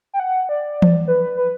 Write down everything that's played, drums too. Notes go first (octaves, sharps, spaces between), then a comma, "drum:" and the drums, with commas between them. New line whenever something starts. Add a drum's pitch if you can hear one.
G5
F#5
D5
drum: tom E3
B4
B4